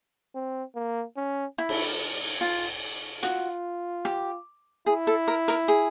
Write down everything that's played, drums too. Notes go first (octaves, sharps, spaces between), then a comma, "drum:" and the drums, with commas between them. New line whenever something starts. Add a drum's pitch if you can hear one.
C4
A#3
C#4
E4
drum: cymbal
F4
F4 F#4, drum: hi-hat
G4, drum: rim click
E4 G#4
A4
A#4
A#4, drum: hi-hat
G#4